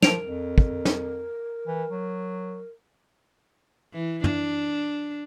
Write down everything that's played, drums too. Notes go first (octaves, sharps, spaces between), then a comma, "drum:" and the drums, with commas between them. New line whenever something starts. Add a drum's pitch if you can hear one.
F3 A#4 D7 F7, drum: snare
F2
drum: kick
drum: snare
E3
F#3
E3
D4, drum: tom